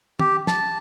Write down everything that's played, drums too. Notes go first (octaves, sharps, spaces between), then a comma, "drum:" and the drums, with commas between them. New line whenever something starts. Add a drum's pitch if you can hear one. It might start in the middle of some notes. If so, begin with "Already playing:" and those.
G4, drum: tom
A5, drum: snare